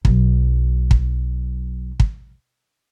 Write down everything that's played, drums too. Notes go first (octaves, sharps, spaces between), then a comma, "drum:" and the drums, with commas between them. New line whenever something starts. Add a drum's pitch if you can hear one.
B1 F#3, drum: kick
drum: kick
drum: kick